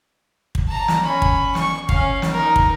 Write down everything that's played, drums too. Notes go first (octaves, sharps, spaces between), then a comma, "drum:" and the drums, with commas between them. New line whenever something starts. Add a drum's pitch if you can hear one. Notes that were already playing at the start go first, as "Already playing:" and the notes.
drum: kick
A5 A#5
drum: snare
C#4 B5
drum: kick
C#6, drum: snare
C#4 F5, drum: kick
drum: snare
D#4 A#4
drum: kick